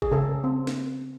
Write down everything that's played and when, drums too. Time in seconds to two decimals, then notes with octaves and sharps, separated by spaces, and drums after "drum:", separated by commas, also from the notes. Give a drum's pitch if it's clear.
0.02 G#4, drum: kick G#1
0.12 C#3 A4
0.44 C4
0.67 drum: snare